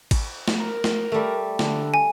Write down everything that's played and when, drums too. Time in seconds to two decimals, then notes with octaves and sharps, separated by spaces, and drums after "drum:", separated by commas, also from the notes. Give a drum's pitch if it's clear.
0.11 drum: kick G#1, cymbal
0.48 drum: snare A3
0.60 A#4
0.84 drum: snare A3
1.12 G3 A3
1.59 D3, drum: snare A3
1.94 G#5